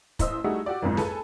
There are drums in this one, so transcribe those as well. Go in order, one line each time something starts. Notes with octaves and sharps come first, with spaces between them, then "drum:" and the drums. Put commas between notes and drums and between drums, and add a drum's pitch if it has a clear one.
A1 C5 D#5 E6, drum: kick, hi-hat
G3 A3 D#4 F#4 G#4
F#4 G4 D5
F#1 B1 F2 G#2
G#4 A4 B4 G#5, drum: snare